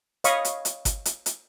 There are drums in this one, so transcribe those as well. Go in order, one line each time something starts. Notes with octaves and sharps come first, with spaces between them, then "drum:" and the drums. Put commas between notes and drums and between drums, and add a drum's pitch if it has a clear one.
C#5 D#5 F5 B5 C#6 D#6, drum: hi-hat
drum: hi-hat
drum: hi-hat
drum: kick G1, hi-hat
drum: hi-hat
drum: hi-hat